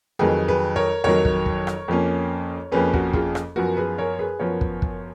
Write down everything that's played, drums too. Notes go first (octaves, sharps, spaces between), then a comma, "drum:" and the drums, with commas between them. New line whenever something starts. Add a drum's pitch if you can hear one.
F2 D#3 F#3 G#4 B4
G#4 B4
A#4 C#5
F2 D#3 F#3 A#4 C#5
drum: kick
drum: kick
drum: rim click
F2 F3 A#3 C#4
F2 F3 A#3 C#4 G#4 B4
F#4 A#4, drum: kick
F4 G#4, drum: kick
drum: rim click
F#2 F3 B3 F#4 A#4
G#4 B4
A#4 C#5
G#4 B4
F#2 F3 B3 A#4 C#5
drum: kick
drum: kick